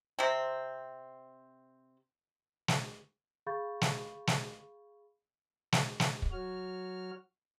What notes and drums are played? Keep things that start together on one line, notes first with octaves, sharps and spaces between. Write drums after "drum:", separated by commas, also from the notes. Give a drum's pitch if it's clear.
C3 C4
drum: snare
G#4 F5 B5 C#6 G6 A6
drum: snare
drum: snare
drum: snare
drum: snare
drum: kick
F#3 F#4 C#5 F6